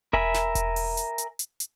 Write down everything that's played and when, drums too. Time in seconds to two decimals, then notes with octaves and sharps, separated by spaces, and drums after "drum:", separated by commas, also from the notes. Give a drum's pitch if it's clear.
0.13 A#4 E5 G#5 B5, drum: kick E1
0.34 drum: snare
0.55 drum: kick E1, hi-hat
0.76 drum: open hi-hat
0.97 drum: hi-hat
1.18 drum: hi-hat
1.39 drum: hi-hat
1.60 drum: hi-hat